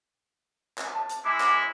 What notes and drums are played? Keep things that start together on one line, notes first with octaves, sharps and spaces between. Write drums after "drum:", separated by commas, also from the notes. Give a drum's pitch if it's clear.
drum: clap
A5
drum: hi-hat
G#3 E4 D6
drum: clap